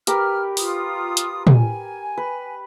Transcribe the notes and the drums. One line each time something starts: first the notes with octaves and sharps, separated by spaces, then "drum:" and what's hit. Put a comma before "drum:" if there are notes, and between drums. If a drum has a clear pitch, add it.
G4 A#4 B4 F6, drum: hi-hat
F4 D#6, drum: open hi-hat
drum: hi-hat
G#5, drum: tom
B4